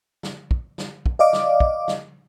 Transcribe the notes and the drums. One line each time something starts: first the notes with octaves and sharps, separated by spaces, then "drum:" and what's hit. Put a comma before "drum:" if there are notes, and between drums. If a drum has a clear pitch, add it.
drum: snare
drum: kick
drum: snare
drum: kick
D5 D#5 F5 D6
drum: snare
drum: kick
drum: snare